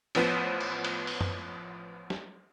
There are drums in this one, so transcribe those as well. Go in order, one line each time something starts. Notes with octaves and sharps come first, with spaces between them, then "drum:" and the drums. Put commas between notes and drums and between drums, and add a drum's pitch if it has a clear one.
A1 F3 B3 B4 C5 B6, drum: cymbal
drum: cymbal
drum: cymbal
drum: open hi-hat
drum: tom
drum: snare